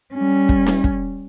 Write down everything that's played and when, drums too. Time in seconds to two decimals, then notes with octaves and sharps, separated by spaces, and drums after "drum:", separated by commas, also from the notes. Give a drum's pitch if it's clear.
0.14 G3 C#4
0.49 drum: kick
0.66 drum: snare
0.84 drum: kick